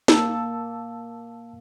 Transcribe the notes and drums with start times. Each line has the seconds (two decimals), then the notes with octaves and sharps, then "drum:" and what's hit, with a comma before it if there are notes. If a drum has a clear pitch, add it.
0.08 A#3 A5 E6, drum: snare